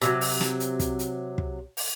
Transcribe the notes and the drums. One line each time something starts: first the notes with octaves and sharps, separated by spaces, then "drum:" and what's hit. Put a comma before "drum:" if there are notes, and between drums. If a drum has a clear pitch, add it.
C3 F3 F#3, drum: hi-hat
drum: open hi-hat
drum: snare
drum: hi-hat
drum: kick, hi-hat
drum: hi-hat
drum: kick
drum: open hi-hat